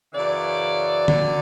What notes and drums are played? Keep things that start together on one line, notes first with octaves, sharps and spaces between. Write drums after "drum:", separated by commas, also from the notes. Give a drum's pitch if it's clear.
F#2 C#3 E3 D5
F#2 D3, drum: tom D3